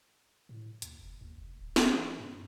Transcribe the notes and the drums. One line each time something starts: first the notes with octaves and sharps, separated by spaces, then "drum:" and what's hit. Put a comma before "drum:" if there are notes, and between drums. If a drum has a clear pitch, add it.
A2
D#2, drum: hi-hat
F1
D#2
F1
D1
drum: snare
E3
G2